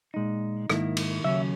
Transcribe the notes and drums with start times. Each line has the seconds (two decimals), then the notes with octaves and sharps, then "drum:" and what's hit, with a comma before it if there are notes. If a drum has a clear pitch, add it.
0.14 A#2 G#3 D#4
0.70 G#2 D#3 A#3 E4, drum: rim click
0.97 drum: cymbal
1.24 D#2 C#3 F#3 C#4 E5